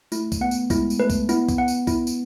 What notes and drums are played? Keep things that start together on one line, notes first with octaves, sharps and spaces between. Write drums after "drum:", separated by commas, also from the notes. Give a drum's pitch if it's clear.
A3 E4, drum: tambourine
drum: kick, tambourine
B3 F#5
drum: tambourine
G#3 E4, drum: kick, tambourine
drum: tambourine
A3 B4
drum: kick, tambourine
B3 E4, drum: tambourine
drum: kick, tambourine
F#5
drum: tambourine
E4, drum: kick, tambourine
drum: tambourine